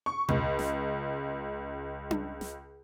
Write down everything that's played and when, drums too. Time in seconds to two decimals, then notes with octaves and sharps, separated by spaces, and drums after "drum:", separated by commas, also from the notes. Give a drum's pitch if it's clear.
0.06 C#6
0.28 C#2, drum: tom B2
0.59 drum: snare
2.11 drum: tom D4
2.41 drum: snare